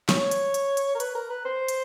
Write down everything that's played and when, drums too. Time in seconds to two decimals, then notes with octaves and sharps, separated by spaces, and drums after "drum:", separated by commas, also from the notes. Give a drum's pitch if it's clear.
0.09 C#5, drum: snare
0.31 drum: hi-hat
0.54 drum: hi-hat
0.77 drum: hi-hat
0.95 A#4
1.00 B4, drum: hi-hat
1.15 A#4
1.30 B4
1.45 C5
1.68 drum: hi-hat